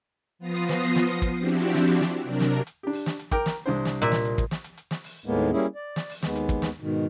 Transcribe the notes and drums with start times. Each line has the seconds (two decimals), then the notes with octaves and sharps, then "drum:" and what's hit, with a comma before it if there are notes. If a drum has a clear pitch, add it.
0.39 F3 B3 F4 D#6 A#6 C7
0.56 drum: hi-hat
0.69 drum: snare
0.82 drum: open hi-hat
0.95 drum: snare
1.09 drum: hi-hat
1.22 drum: kick, hi-hat
1.39 F3 C4 D4 E4 F#4 G4
1.48 drum: hi-hat
1.61 drum: hi-hat
1.74 drum: snare
1.88 drum: open hi-hat
2.01 drum: snare
2.23 C3 F#3 D4 A#4
2.40 drum: snare
2.54 drum: hi-hat
2.67 drum: hi-hat
2.83 D4 G4
2.93 drum: open hi-hat
3.06 drum: snare
3.19 drum: hi-hat
3.31 A#4 G5 D6, drum: kick, hi-hat
3.46 drum: snare
3.66 C2 D4 C5
3.85 drum: snare
4.02 A#2 E5
4.12 drum: snare
4.25 drum: hi-hat
4.38 drum: kick, hi-hat
4.51 drum: snare
4.64 drum: hi-hat
4.78 drum: hi-hat
4.91 drum: snare
5.04 drum: open hi-hat
5.26 D#2 A2 G#3 A#3 B3
5.52 G3 A#3 C#4 E4 G#4
5.75 D5
5.96 drum: snare
6.09 drum: open hi-hat
6.22 D#2 G#3 B3, drum: snare
6.36 drum: hi-hat
6.49 drum: kick, hi-hat
6.62 drum: snare
6.80 G#2 B2 D#3